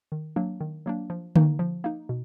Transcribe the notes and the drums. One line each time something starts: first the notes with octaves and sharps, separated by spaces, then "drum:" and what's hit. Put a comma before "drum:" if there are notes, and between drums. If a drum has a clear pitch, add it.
D#3
F#3 A#3 D4
D#3
F#3 A#3 D4
F3
A#3 D#4, drum: tom D3
F3
A#3 D#4
B2